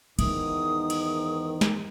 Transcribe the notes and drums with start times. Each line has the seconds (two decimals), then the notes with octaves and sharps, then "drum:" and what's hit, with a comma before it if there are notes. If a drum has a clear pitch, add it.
0.19 E2 G#2 D#3 E3 D#6, drum: cymbal
0.90 drum: cymbal
1.61 drum: snare